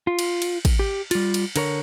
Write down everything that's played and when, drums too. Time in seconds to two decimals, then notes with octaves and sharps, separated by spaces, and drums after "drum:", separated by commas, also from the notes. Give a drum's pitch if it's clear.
0.07 F4
0.19 drum: cymbal
0.42 drum: cymbal
0.65 drum: kick, cymbal
0.79 G4
1.11 G3 F4, drum: cymbal
1.34 drum: cymbal
1.56 D3 A#4 C#5, drum: cymbal